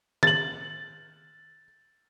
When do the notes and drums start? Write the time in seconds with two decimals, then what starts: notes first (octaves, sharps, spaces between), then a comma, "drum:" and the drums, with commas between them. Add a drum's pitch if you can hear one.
0.23 A6 F#7, drum: tom D#3